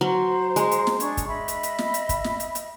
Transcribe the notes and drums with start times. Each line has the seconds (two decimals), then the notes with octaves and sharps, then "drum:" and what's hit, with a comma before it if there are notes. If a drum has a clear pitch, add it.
0.01 F#3 C5 A#5
0.56 G#3, drum: hi-hat
0.71 drum: hi-hat
0.87 drum: snare
1.00 D4 G#4 C#6, drum: hi-hat
1.17 drum: kick, hi-hat
1.27 D#5 E5 B5
1.48 drum: hi-hat
1.63 drum: hi-hat
1.78 drum: snare
1.94 drum: hi-hat
2.09 drum: kick, hi-hat
2.24 drum: snare
2.40 drum: hi-hat
2.55 drum: hi-hat